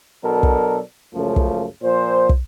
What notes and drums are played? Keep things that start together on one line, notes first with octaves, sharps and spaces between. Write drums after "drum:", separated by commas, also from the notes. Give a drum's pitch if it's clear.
B2 F#3 D4 A4 A#4
drum: kick
C#2 F#2 C#3 F3 A3
drum: kick
A#2 F3 C5
drum: kick